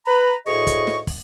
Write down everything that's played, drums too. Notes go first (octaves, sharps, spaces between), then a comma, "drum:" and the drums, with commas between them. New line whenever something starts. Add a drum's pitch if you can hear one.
B4 A#5 B5
D2 A2 G#4 D#5 C#6
drum: kick, hi-hat
drum: snare
drum: kick, open hi-hat